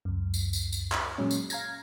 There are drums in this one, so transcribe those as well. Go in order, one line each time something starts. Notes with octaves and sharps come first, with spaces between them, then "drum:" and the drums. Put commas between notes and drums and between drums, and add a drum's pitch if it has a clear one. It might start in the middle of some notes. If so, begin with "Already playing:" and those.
C#2 F#2
drum: tambourine
drum: tambourine
drum: tambourine
drum: clap
A#2 F#3 G#3 C#4
drum: tambourine
F5 A#5 G#6 A#6, drum: tambourine